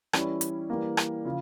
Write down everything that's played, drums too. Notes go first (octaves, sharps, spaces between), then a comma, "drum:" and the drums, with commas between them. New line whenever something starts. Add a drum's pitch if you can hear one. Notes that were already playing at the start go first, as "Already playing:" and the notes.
E3 G3 C#4 E4, drum: rim click
drum: hi-hat
E3 G3 A#3
drum: rim click
C#3 F3